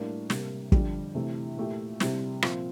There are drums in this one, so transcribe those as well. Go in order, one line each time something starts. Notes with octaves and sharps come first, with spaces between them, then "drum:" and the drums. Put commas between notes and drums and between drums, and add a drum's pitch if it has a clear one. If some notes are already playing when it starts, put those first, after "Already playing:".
Already playing: A2 G3 A#3 D4
C3 G3 A#3, drum: snare
F2 D3 G3 D4 G4, drum: kick
C3 E3 A3
A#2 A3 E4 G4
C3 G3 C4 E4, drum: snare
A#2 F3 C4 F4, drum: rim click